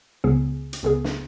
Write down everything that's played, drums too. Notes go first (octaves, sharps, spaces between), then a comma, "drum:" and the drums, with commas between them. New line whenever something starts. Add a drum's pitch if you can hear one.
C#2 C#3 B3 G#4
drum: hi-hat
C#2 C#3 B3 G#4
drum: snare